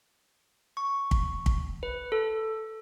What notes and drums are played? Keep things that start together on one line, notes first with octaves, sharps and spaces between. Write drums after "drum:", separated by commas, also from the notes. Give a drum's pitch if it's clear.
C#6
drum: kick
drum: kick
B4
A4